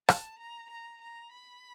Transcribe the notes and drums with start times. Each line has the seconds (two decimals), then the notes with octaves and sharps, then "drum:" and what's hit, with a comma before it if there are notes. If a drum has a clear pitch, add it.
0.09 A5, drum: rim click
0.39 A#5
0.70 A#5
1.01 A#5
1.32 B5